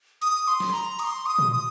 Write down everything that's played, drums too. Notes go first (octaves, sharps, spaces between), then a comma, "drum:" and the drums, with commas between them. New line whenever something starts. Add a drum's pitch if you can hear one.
D#6, drum: hi-hat
C6
drum: snare
A#5
D#6, drum: hi-hat
C6
D#6
drum: tom A#2
D#6